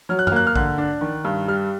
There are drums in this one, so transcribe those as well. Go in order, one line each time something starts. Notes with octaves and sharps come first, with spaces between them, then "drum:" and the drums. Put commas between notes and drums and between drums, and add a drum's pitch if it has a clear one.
F#3 F6
F#6
F6, drum: tom F#2
A#3 F#6
F6
D3 F#6, drum: kick A#1
D4
D#3
G2
G3 F6